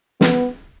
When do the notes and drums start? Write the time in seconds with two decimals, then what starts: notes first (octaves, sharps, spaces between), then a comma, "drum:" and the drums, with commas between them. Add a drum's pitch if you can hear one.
0.21 B3, drum: snare